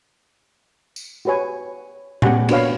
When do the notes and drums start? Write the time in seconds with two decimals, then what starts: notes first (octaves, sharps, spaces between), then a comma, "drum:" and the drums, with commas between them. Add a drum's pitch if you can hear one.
0.96 drum: tambourine
1.25 F#4 G4 B4 C#5 G#5
2.22 B3 C#4 G4 F#5 G#5, drum: tom A#2
2.49 A#3 D4 F#4 B4 C#5 F5, drum: cymbal